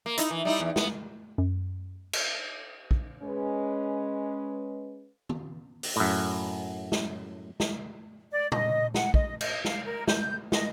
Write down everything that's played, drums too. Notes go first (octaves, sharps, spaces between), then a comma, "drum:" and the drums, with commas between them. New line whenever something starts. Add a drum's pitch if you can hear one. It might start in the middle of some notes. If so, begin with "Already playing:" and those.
A#3
D#4 E4, drum: hi-hat
E3
G3 D#4 E4
E2
B3, drum: snare
F#2
drum: cymbal
drum: kick
G#3 C#4 B4
drum: tom
drum: open hi-hat
F#2 A2
drum: snare
drum: snare
D5
D#5, drum: tom A#2
F#5, drum: snare
D#5, drum: kick
D#5, drum: cymbal
F5, drum: snare
A#4
G6, drum: snare
D#5, drum: snare